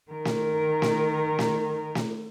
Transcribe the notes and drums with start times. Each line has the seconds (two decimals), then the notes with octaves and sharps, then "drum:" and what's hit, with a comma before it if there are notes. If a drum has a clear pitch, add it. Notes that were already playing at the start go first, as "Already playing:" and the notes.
0.11 D#3 A#4
0.25 drum: snare
0.82 drum: snare
1.39 drum: snare
1.95 drum: snare